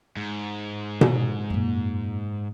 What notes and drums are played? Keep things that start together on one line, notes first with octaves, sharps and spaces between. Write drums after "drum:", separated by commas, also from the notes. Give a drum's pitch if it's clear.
G#2
D4, drum: tom B2
F#2 A#2